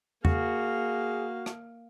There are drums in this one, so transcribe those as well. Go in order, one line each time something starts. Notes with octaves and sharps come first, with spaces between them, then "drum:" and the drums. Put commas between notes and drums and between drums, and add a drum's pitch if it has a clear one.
A#3 F#4 G#4 F5, drum: tom E2
drum: rim click